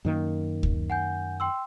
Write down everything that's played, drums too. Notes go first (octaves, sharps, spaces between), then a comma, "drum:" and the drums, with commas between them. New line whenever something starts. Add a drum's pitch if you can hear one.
F#2 D#3 A#3
drum: kick D2
F#5 G#5 G6
G5 C6 E6